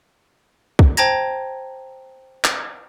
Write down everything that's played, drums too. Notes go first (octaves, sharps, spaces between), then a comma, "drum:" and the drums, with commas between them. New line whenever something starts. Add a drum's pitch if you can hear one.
drum: kick
C5 G5 A5 A#5 G#6 A#6, drum: hi-hat
drum: clap